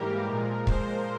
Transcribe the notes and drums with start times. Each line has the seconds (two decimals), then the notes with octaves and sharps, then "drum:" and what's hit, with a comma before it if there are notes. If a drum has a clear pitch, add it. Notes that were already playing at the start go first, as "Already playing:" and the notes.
Already playing: G#2 E3 G3 A#3 G4 A#4
0.28 A#2 F3 G#3
0.67 C5, drum: kick